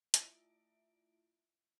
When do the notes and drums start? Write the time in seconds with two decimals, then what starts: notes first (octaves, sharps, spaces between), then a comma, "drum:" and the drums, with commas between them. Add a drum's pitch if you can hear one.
0.14 A3 E4 F4 E5 D7, drum: hi-hat